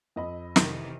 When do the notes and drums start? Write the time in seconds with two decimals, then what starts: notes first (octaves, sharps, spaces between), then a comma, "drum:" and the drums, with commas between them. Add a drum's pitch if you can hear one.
0.16 F2 D#5 B5
0.56 C3 D#3 E3, drum: snare